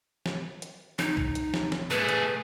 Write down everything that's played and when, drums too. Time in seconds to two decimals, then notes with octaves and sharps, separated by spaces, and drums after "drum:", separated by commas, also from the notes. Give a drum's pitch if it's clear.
0.26 drum: snare
0.62 drum: hi-hat
0.99 D#4, drum: snare
1.17 drum: kick B1
1.35 drum: hi-hat
1.54 drum: snare
1.72 drum: snare
1.90 A3 G#4 B4
2.09 drum: hi-hat